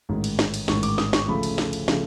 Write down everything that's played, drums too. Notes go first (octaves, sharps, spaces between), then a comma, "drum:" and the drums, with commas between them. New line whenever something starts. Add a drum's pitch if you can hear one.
A1 G#2 D#3
drum: cymbal
drum: snare
drum: cymbal
A1 G#2 D#3 C#6, drum: snare
D6, drum: cymbal
D#6, drum: snare
C#6, drum: snare
D2 C#3 F3 A3 B5
drum: cymbal
drum: snare
drum: cymbal
C#3 F3 A3, drum: snare